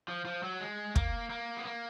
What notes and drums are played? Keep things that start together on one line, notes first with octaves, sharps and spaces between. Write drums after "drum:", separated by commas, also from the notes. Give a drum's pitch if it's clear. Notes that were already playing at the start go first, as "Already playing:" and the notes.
F3
F3
F#3
G#3
A#3, drum: kick
A#3
B3
A#3